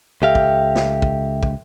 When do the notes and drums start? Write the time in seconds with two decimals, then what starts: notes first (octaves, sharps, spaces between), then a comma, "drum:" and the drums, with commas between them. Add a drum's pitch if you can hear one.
0.22 C#2 G4 A4 E5 F5 G5
0.35 drum: kick
0.75 drum: snare
1.02 drum: kick
1.43 drum: kick